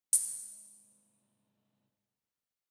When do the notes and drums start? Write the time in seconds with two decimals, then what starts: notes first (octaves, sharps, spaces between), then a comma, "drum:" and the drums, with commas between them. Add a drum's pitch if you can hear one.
0.13 C2 G#2, drum: hi-hat